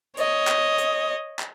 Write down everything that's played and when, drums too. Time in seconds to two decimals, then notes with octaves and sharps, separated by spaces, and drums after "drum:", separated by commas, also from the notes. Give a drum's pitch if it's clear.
0.17 C#5 D#5, drum: hi-hat
0.47 drum: clap
0.78 drum: hi-hat
1.39 drum: clap